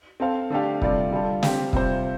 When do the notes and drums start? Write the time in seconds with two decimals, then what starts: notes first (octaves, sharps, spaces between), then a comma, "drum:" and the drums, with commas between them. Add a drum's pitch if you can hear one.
0.20 C4 A4 C5 F5
0.50 D3 A3 D4 G4 F5
0.82 C3 G3 F4 A4 D5, drum: kick
1.11 D3 G3 F4 A4
1.43 C4 G4 F5, drum: snare
1.73 C3 G3 F4 C5, drum: kick